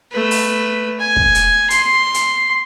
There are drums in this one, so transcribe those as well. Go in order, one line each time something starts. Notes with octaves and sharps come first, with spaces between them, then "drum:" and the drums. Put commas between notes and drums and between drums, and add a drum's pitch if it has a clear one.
A3 B4
drum: open hi-hat
G#5
drum: kick
drum: hi-hat
C6, drum: hi-hat
drum: hi-hat